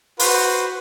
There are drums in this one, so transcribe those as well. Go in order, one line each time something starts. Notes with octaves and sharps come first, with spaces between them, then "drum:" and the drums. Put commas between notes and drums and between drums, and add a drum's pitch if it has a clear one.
F#4 B4 C5, drum: open hi-hat